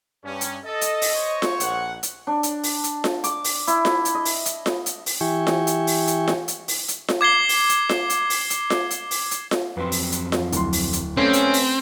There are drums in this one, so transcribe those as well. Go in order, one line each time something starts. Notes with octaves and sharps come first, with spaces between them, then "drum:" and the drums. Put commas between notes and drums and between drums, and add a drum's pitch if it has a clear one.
G2 C#4
drum: hi-hat
A4 D#5
drum: hi-hat
drum: open hi-hat
C5 C#5 C#6
drum: snare F4
A#1 F#5, drum: hi-hat
drum: hi-hat
D4
drum: hi-hat
drum: open hi-hat
drum: hi-hat
drum: snare F4
D6, drum: hi-hat
drum: open hi-hat
E4, drum: hi-hat
drum: snare F4
drum: hi-hat
D#5
drum: open hi-hat
drum: hi-hat
drum: snare F4
drum: hi-hat
drum: open hi-hat
E3 E4 G4 G5 G#5 C#6
drum: snare F4
drum: hi-hat
drum: open hi-hat
drum: hi-hat
drum: snare F4
drum: hi-hat
drum: open hi-hat
drum: hi-hat
drum: snare F4
D6 G#6 C7 G7
drum: open hi-hat
drum: hi-hat
drum: snare F4
drum: hi-hat
drum: open hi-hat
drum: hi-hat
drum: snare F4
drum: hi-hat
drum: open hi-hat
drum: hi-hat
drum: snare F4
F2 F#3 C4 B4 C6
drum: open hi-hat
drum: hi-hat
drum: snare F4
D1 C6, drum: hi-hat
drum: open hi-hat
drum: hi-hat
A3 C4 C#4 B4 D5 F5
drum: hi-hat
drum: open hi-hat